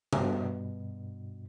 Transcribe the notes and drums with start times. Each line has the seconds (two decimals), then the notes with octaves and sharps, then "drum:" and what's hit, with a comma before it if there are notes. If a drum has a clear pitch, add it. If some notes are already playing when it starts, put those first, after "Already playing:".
0.13 G2 B2, drum: tom B2